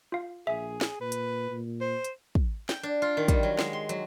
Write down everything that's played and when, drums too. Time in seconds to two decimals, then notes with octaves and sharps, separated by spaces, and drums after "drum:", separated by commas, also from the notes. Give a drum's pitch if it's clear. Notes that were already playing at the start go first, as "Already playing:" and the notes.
0.12 F4 F5
0.47 A#1 G#4 E5
0.81 drum: snare
1.00 A#2 B4
1.12 drum: hi-hat
1.51 A#2
1.81 C5
2.04 drum: hi-hat
2.35 drum: kick
2.69 G5, drum: snare
2.83 D4
3.02 F4
3.17 D#3
3.28 G3, drum: kick, hi-hat
3.43 F#3
3.59 G#3, drum: snare
3.73 C6
3.89 F#3, drum: hi-hat